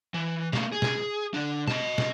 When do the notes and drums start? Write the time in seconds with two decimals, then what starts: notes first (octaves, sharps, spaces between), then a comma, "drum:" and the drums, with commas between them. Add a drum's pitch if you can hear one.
0.14 E3
0.53 A3 A#3, drum: snare
0.73 G#4
0.82 drum: snare
1.34 D3 D4
1.67 D#5 A5, drum: snare
1.98 drum: snare